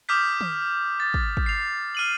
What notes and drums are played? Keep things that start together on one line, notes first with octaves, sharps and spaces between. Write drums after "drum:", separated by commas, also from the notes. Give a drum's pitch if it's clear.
D6 D#6 F6 G6 B6
drum: tom
A6
drum: kick
drum: kick
C7 F7
F6 D#7 F#7